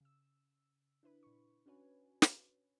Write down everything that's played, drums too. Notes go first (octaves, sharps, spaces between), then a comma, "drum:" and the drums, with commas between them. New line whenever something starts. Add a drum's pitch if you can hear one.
C#3 E6
D4 E4 B4 B5
A#2 C#6
C#4 D4 F#4 B4 C#5 G#5
drum: snare